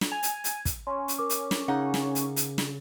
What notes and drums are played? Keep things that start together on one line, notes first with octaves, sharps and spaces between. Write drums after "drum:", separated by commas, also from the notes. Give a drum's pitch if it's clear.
drum: snare
G#5 F7
drum: hi-hat
drum: hi-hat
drum: kick, hi-hat
C#4 C6
drum: hi-hat
A#4 D6
drum: hi-hat
drum: snare
C#3 D#4 F#5
drum: snare
drum: hi-hat
drum: hi-hat
drum: snare